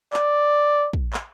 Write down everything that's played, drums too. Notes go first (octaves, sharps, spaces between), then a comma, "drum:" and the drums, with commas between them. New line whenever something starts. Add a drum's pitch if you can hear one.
D5, drum: clap
drum: kick
drum: clap